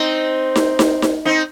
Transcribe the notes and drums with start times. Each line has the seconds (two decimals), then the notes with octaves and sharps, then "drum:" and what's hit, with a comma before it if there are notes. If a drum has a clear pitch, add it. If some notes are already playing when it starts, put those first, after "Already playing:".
Already playing: C4 D#4
0.56 drum: snare D#4
0.79 drum: snare D#4
1.02 drum: snare D#4
1.25 C4 D#4